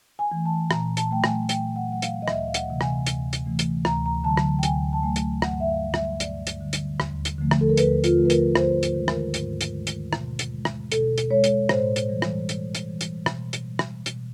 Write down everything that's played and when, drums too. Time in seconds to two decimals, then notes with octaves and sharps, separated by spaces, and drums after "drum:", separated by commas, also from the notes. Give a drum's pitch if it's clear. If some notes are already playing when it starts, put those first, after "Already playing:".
0.19 G#5
0.32 E3 A3
0.45 A5
0.71 A#2 A#5, drum: rim click
0.97 A5, drum: hi-hat
1.11 F#3 A3 G5
1.24 G#5, drum: rim click
1.49 A#2 G5, drum: hi-hat
1.76 F#5
1.89 F#3 A3 F#5
2.02 F5, drum: hi-hat
2.22 D#5
2.28 D2 E5, drum: rim click
2.48 F5
2.54 F#5, drum: hi-hat
2.68 C3 E3 A3
2.81 G#5, drum: rim click
3.07 D2, drum: hi-hat
3.33 drum: hi-hat
3.46 C3 E3 A3
3.59 drum: hi-hat
3.85 D2 A#5, drum: rim click
4.06 A#5
4.24 D3 F#3 A3 A5
4.37 drum: rim click
4.59 G5
4.63 D2 G#5, drum: hi-hat
4.93 A5
5.03 D3 F#3 A3 G#5
5.16 drum: hi-hat
5.42 G2 F#5, drum: rim click
5.60 E5
5.69 F5
5.81 D3 G3
5.94 E5, drum: rim click
6.20 G2 D5, drum: hi-hat
6.47 drum: hi-hat
6.60 D3 G3
6.73 drum: hi-hat
7.00 D#2, drum: rim click
7.25 drum: hi-hat
7.38 D3 F3 A3
7.51 drum: rim click
7.61 A4
7.69 A#4
7.77 D#2 B4, drum: hi-hat
8.04 F4, drum: hi-hat
8.17 D3 F3 A3
8.25 B4
8.30 A#4, drum: hi-hat
8.55 G#2 C5, drum: rim click
8.83 B4, drum: hi-hat
8.95 D#3 G#3
9.08 A#4, drum: rim click
9.34 G#2, drum: hi-hat
9.61 drum: hi-hat
9.74 D#3 G#3
9.87 drum: hi-hat
10.13 B2, drum: rim click
10.39 drum: hi-hat
10.52 G#3
10.65 drum: rim click
10.92 B2 A4, drum: hi-hat
11.18 drum: hi-hat
11.30 G#3 C#5
11.44 drum: hi-hat
11.69 A2 C5, drum: rim click
11.96 drum: hi-hat
12.09 E3 G3
12.22 drum: rim click
12.49 A2, drum: hi-hat
12.75 drum: hi-hat
12.88 E3 G3
13.01 drum: hi-hat
13.26 B2, drum: rim click
13.53 drum: hi-hat
13.66 G3
13.79 drum: rim click
14.06 B2, drum: hi-hat